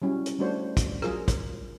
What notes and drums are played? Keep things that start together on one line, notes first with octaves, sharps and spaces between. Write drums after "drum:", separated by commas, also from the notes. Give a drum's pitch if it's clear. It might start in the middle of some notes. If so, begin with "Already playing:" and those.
F#3 G3 C#4 E4
drum: hi-hat
G3 A3 D4 F#4 C5 C#5
drum: kick, hi-hat
F#3 F4 G#4 A#4, drum: rim click
drum: kick, hi-hat